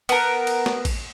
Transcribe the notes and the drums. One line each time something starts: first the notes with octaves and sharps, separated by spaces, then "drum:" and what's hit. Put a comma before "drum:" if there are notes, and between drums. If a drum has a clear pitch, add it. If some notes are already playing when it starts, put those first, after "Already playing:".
B3 A#4, drum: cymbal
drum: cymbal
drum: snare
drum: kick A1, cymbal